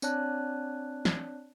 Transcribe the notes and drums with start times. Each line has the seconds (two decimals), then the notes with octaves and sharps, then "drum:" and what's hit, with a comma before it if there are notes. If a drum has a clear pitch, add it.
0.02 C4 D4 C#5 D5 A5 F#6, drum: tambourine
1.05 drum: snare